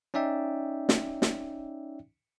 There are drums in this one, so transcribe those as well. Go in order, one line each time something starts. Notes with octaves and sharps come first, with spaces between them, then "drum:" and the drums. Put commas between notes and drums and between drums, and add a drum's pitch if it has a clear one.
C#4 D#4 D5 E5 G5
drum: snare
drum: snare